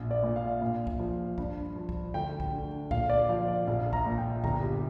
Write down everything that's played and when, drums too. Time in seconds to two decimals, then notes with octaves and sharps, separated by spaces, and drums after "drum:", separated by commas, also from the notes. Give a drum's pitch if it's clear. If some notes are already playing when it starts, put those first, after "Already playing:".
Already playing: A#1
0.11 D5
0.23 A#2
0.36 F5
0.62 A#2
0.87 drum: kick
0.99 F3
1.38 G2, drum: kick
1.76 F3
1.89 drum: kick
2.14 D2 G5
2.40 drum: kick
2.53 D3
2.91 A#2 F5, drum: kick
3.09 D5
3.29 F3 F5
3.48 D5
3.67 A#1 F5
3.93 A#5, drum: kick
4.06 A#2
4.18 G5
4.44 G1 A#5, drum: kick
4.62 G4